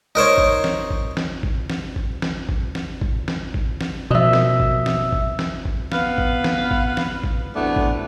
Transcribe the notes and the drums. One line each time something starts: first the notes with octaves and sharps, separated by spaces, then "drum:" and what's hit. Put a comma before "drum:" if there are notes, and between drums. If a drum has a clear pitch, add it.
D#4 A#4 C5 C#5
drum: kick G#1
drum: snare
drum: kick G#1
drum: snare
drum: kick G#1
drum: snare
drum: kick G#1
drum: snare
drum: kick G#1
drum: snare
drum: kick G#1
drum: snare
drum: kick G#1
drum: snare
B2 F3 D#5 E5
drum: snare
drum: kick G#1
drum: snare
drum: kick G#1
drum: snare
drum: kick G#1
B3 B4 F5, drum: snare
drum: kick G#1
drum: snare
drum: kick G#1
drum: snare
drum: kick G#1
D2 E3 A3 B3 C4 D4
drum: kick G#1